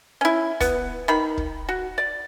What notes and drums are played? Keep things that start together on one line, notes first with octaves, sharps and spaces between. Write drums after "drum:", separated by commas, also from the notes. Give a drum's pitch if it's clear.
C#4 E4
B3, drum: kick, hi-hat
D#3 B5
drum: kick
F#4
D5